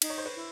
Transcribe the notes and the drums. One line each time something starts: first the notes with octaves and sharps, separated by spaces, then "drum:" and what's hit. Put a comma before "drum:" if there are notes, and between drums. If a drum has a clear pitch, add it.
D#4, drum: cymbal
C#5
C5
B4 C#5
E4